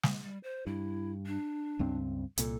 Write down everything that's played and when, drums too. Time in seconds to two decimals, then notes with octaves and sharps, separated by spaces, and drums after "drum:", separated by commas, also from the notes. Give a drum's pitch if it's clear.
0.03 drum: snare
0.23 G3
0.43 C5
0.67 G2 E4
1.26 D4
1.79 C#2 G2 C4
2.38 C2 A#2 A4, drum: hi-hat